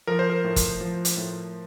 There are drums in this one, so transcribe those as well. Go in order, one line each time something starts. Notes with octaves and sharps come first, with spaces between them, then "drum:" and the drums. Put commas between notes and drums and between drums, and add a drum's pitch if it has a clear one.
F3 A#4
C5
A#4
A2
drum: kick F#1, hi-hat
F3
drum: hi-hat
A2